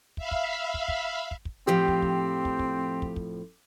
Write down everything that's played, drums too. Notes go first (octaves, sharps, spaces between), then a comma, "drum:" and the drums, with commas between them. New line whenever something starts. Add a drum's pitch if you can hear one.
E5 F5 B5, drum: kick
drum: kick
drum: kick
drum: kick
drum: kick
drum: kick
F2 A2 F3 C4 G4
drum: kick
drum: kick
drum: kick
drum: kick
drum: kick
drum: kick